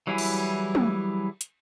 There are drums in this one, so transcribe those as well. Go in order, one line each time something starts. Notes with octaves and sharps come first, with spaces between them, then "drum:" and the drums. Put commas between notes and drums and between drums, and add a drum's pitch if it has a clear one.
E3 F#3 G3 E4 G#4
drum: cymbal
drum: tom
drum: hi-hat